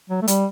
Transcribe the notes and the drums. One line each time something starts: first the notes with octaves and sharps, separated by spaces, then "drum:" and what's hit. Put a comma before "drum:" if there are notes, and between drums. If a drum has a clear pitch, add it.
F#3
A3
G3, drum: hi-hat